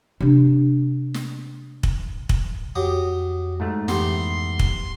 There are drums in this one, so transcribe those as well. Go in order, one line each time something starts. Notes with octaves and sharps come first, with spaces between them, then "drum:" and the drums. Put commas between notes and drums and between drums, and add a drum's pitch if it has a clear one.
C3 D4
drum: snare
drum: kick
drum: kick
F2 F#3 G4 D#6
G#2 A3
F2 E3 B3 G4 C6, drum: snare
drum: kick